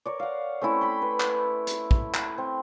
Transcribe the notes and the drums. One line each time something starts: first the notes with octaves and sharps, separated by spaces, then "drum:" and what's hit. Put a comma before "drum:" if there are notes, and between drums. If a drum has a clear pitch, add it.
A#4 C#5 D5
F5 F#5
A3 C4 C#4 E4
B5 C6
B4
drum: clap
drum: hi-hat
drum: kick
drum: clap
C4